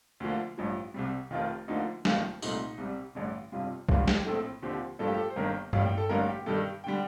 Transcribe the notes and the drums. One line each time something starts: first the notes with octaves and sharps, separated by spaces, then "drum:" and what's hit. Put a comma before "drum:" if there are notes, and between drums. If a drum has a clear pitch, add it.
D2 D3 F3 A#3
A1 G2 F3
C2 C3 G3
F1 F2 D#3 F4
D2 D3 F3 A#3 D#4
F1 D#2 D#3 G3 F4, drum: snare
C2 A#2 A3 C4 D#4, drum: tambourine
C2 C3 G3
A1 G2 D3
G1 F2 C3 G3 F4
G1 G2 D3 G3 A#3 F4, drum: kick B1
G4, drum: snare
A#1 A2 A3 C4 A4
D#2 D3 F3 C4 G4
A1 G2 F3 A#3 A4
G4
A4
C5
G1 G2 D#3 A#3 A#4
A1 A2 G3 A#3 F5, drum: tom G2
G5
A4
A1 G2 D3 G3 A#3 A#4
G4
G2 D#3 G3 A4
D3 G3 G5